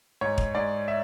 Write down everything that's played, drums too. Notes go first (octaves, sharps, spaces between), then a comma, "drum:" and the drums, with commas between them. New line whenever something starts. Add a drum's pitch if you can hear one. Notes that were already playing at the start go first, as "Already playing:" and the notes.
G#2 C#5
drum: kick
G#2 D5
E5